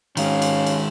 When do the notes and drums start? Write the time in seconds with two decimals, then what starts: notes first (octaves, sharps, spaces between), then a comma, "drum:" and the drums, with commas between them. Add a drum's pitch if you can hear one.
0.17 D#3 G#3 C#4 F5, drum: cymbal
0.42 drum: cymbal
0.66 drum: cymbal